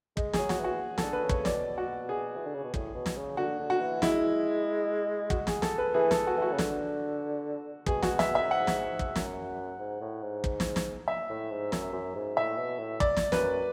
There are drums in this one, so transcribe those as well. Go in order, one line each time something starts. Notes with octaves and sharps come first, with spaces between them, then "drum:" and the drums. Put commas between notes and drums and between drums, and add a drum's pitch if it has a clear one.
G#3, drum: kick
F#3 G#4, drum: snare
F#4, drum: snare
E3 F#4
D3 A4, drum: snare
B4
C#3
C#5, drum: kick
B2 D5, drum: snare
F#4
G#4
E3
D3
C#3
B2
A2, drum: kick
B2
drum: snare
C#3
D3 F#4
D3
F#4
E3
G#3 E4, drum: snare
F#4, drum: kick
G#4, drum: snare
A4, drum: snare
B4
E3 G#4
A4, drum: snare
F#4
E3 F#4
C#3
D3, drum: snare
B2 G#4, drum: kick
F#4, drum: snare
E5, drum: snare
E5
F#2
G#2 F#5
drum: snare
drum: kick
F#2, drum: snare
G#2
A2
G#2
drum: kick
drum: snare
drum: snare
E5
A2
G#2
F#2, drum: snare
F#2
G#2
A2 E5
B2
A2
D5, drum: kick
drum: snare
F#2 B4, drum: snare